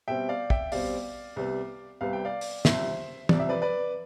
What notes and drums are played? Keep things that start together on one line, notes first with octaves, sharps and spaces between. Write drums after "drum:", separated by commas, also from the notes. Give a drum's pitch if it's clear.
B2 G3 C4 E5 G5
D5 F5
E5 G5, drum: kick
B2 G3 C4 D5 F5, drum: open hi-hat
C2 C3 G3 B3
C2 C3 G3 B3 F5
G5
D5 F5
drum: open hi-hat
C2 C3 F3 C5 E5, drum: snare
C2 C3 F3 D5, drum: tom
E5
B4 D5
B4 D5